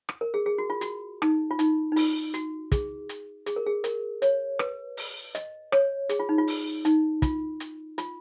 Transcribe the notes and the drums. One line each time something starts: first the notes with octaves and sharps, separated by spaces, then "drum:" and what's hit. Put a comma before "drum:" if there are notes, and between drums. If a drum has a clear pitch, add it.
drum: rim click
A#4
G#4
G#4
F#4
F4
F#4, drum: hi-hat
D#4, drum: rim click
F4
D#4, drum: hi-hat
D#4
F4, drum: open hi-hat
F#4, drum: hi-hat
G#4, drum: kick, hi-hat
drum: hi-hat
G#4, drum: hi-hat
A#4
G#4
A#4, drum: hi-hat
C#5, drum: hi-hat
B4, drum: rim click
drum: open hi-hat
D#5, drum: hi-hat
C#5, drum: rim click
G#4, drum: hi-hat
F4
D#4
F4
drum: open hi-hat
D#4, drum: hi-hat
F4, drum: kick, hi-hat
drum: hi-hat
F4, drum: hi-hat